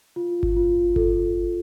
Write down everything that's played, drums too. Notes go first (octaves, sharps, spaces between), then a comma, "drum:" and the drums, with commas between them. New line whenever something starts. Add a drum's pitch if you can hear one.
F4
drum: kick G1
F4
A4, drum: kick G1